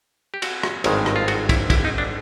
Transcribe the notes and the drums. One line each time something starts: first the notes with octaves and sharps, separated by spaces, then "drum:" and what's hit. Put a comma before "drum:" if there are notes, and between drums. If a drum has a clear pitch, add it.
G4
F#4, drum: cymbal
drum: rim click
G#1 G2 D#3 G#3, drum: cymbal
drum: rim click
F4
F#4, drum: cymbal
E4, drum: kick, cymbal
E4, drum: kick, cymbal
D#4
D4